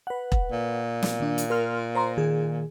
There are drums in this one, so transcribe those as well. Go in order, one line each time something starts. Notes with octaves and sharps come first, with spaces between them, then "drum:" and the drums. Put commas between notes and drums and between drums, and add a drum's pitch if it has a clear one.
B4 F#5
drum: kick E1
A#2
drum: snare
D#3 D4
drum: hi-hat
A#4 C6 F6
C5 A#5 C6
D#3 G#4